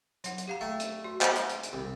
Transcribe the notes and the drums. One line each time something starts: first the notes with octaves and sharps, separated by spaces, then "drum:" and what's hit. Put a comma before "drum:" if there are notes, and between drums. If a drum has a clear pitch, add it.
F#3 F#5, drum: hi-hat
drum: hi-hat
G4 F5 A#5
A3 G5
drum: hi-hat
F#4
drum: clap
drum: hi-hat
drum: hi-hat
drum: hi-hat
C2